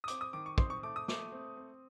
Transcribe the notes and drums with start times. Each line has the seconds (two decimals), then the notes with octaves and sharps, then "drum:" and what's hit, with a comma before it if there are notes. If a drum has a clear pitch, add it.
0.04 D#6
0.08 C4 D6, drum: hi-hat
0.21 D#6
0.33 D#3 D6
0.46 C#6
0.58 C4 C6, drum: kick
0.70 C#6
0.83 A3 D6
0.96 D#6
1.08 A3 D6, drum: snare
1.32 C4
1.57 C4